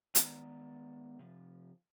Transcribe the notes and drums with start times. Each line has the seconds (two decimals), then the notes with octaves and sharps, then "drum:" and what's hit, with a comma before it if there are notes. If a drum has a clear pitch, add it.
0.15 D#3 G#3 B3 D5 A#5, drum: hi-hat
1.19 C3 F3